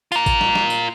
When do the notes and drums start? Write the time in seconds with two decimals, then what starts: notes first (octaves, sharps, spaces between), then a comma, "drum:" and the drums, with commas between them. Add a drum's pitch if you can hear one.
0.12 F4 A#4, drum: tambourine
0.26 drum: kick G#1, tambourine
0.41 drum: snare
0.55 drum: snare
0.70 drum: tambourine